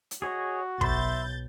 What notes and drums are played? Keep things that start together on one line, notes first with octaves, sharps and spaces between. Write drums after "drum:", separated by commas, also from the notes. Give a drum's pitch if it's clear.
drum: hi-hat
F#4 G#4 C#5 D#5
B1 E5 B5 C6 G6 A6, drum: kick